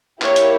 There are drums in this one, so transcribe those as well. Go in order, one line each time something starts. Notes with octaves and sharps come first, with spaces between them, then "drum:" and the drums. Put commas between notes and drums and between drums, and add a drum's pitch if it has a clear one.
A#3 E4 G4 C#5, drum: clap
drum: hi-hat